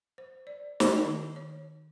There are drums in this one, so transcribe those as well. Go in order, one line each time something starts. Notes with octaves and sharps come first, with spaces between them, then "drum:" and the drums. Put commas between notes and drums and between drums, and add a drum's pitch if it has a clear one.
C5
D5
drum: snare
D#3
C#5